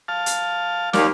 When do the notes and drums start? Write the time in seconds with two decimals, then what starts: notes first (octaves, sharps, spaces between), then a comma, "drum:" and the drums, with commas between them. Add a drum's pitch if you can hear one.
0.08 F5 A5
0.26 drum: hi-hat
0.93 D#2 D5 F5, drum: snare